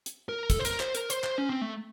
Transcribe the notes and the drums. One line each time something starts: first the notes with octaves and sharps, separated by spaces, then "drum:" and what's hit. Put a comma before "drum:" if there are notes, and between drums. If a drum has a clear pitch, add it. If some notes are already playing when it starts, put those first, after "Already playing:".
drum: hi-hat
A#4
A4, drum: kick, hi-hat
C5
A#4, drum: hi-hat
C5, drum: clap
A#4, drum: hi-hat
C5, drum: hi-hat
C5, drum: clap
C#4
C4
A3